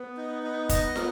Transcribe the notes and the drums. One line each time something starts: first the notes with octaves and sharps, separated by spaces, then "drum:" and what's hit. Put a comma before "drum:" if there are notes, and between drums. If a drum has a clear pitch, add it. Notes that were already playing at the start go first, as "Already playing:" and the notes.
Already playing: B3
D#4
D#4
D#5, drum: kick, hi-hat
A#4, drum: snare